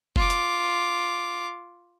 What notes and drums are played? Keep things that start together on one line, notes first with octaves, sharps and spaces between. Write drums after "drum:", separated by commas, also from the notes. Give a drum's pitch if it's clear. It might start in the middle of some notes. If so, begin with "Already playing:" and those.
F4 D6, drum: kick
drum: hi-hat